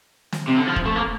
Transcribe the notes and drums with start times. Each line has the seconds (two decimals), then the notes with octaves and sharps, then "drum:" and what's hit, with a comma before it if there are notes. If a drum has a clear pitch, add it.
0.32 drum: snare
0.48 C3
0.57 D3
0.67 F3
0.76 drum: kick
0.85 A3
0.96 A#3